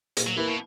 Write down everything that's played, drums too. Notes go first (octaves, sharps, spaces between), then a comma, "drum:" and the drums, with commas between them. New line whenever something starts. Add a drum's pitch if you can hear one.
A#2, drum: hi-hat
F#3
E3 A#3 E4 B4
B2